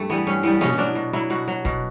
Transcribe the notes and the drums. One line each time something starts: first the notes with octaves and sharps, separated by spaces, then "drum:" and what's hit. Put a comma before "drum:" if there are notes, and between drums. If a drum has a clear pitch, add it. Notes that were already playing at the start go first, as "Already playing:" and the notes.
Already playing: G2 A3
E3 G3 B3
G2 C#4
E3 G3 B3
B2 C#4, drum: snare A#3
F#3 D4
B2
F#3 E4
B2 F#4
F#3
B2, drum: kick